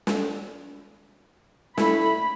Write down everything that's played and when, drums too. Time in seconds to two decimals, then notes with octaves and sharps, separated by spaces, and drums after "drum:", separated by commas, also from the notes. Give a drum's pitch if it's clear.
0.07 drum: snare
1.78 A3 E4 B5, drum: snare